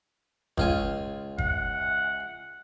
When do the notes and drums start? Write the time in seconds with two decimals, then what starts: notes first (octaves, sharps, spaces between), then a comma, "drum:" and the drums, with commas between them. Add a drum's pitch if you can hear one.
0.58 C#2 F4 G#5, drum: kick
1.38 F#5, drum: kick